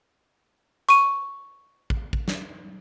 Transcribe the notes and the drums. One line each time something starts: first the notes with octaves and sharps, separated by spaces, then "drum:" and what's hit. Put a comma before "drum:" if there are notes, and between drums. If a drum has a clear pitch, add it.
C#6 D#7, drum: hi-hat
drum: kick
drum: kick
drum: snare